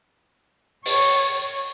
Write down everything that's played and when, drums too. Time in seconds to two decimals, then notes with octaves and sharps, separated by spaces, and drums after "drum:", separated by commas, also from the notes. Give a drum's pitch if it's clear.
0.85 C#5, drum: open hi-hat